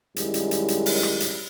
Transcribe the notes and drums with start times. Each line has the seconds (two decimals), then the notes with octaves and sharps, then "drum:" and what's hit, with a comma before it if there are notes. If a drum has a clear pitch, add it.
0.16 F#2 D#3 G3 G#3 E4, drum: hi-hat
0.34 drum: hi-hat
0.51 drum: hi-hat
0.68 drum: hi-hat
0.86 drum: open hi-hat
1.03 drum: rim click
1.20 drum: hi-hat